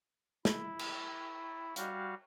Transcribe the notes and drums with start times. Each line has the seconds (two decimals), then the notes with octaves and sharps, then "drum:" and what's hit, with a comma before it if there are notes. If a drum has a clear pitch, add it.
0.45 E4, drum: snare
0.79 drum: cymbal
1.76 G3 F#4 F5, drum: hi-hat